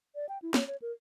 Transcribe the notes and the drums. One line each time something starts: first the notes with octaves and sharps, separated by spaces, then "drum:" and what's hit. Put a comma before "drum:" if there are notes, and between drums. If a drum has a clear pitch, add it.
D5
G5
E4
C#5, drum: snare
C#5
A#4